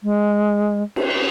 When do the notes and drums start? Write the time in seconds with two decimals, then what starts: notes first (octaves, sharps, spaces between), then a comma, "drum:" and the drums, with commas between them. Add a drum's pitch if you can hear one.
0.03 G#3
0.96 drum: cymbal